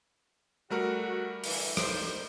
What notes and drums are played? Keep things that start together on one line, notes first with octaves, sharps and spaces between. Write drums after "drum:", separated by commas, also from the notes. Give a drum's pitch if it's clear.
G3 A3 F#4 A#4
D3 E3, drum: open hi-hat
D#4 C5, drum: rim click